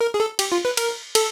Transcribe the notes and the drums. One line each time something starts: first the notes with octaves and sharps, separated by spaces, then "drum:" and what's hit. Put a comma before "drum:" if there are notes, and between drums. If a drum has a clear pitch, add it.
A#4
G#4
A4
G4, drum: cymbal
F4
B4
A#4, drum: cymbal
A4, drum: cymbal